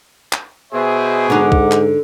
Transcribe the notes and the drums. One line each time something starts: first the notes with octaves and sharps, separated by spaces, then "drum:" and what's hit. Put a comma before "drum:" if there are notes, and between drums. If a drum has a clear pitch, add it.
drum: clap
B2 G#4 C5 E5
G#2 D3 D#4 F#5 D6
drum: kick
drum: clap